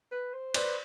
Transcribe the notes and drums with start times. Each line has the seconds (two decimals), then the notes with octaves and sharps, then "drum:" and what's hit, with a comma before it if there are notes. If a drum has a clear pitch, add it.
0.12 B4
0.34 C5
0.54 B4 C5 D5, drum: cymbal